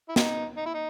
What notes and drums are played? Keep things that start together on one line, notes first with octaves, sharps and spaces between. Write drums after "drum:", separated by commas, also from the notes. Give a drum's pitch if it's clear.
E4
D#4, drum: snare
D#4
E4
D#4